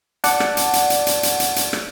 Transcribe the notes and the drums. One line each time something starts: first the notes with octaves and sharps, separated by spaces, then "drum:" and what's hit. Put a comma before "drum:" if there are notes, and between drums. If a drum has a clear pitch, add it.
D5 F#5 A5, drum: hi-hat
drum: rim click
drum: hi-hat
drum: hi-hat
drum: hi-hat
drum: hi-hat
drum: hi-hat
drum: hi-hat
drum: hi-hat
drum: rim click